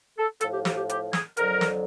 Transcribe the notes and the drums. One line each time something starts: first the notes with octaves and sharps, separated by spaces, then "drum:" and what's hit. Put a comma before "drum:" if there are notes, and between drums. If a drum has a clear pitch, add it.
A4
A2 F3 A4, drum: hi-hat
G4
G4, drum: snare
G4
G4, drum: hi-hat
G#4, drum: snare
F2 D3 F#3 A#4, drum: hi-hat
drum: snare